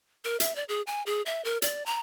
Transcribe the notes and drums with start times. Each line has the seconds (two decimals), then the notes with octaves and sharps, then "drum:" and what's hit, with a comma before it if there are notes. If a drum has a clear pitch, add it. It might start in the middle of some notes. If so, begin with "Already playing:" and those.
0.25 A#4
0.40 E5, drum: hi-hat
0.55 D5
0.69 G#4
0.87 G#5
1.06 G#4
1.26 E5
1.45 A#4
1.62 D5, drum: hi-hat
1.86 A#5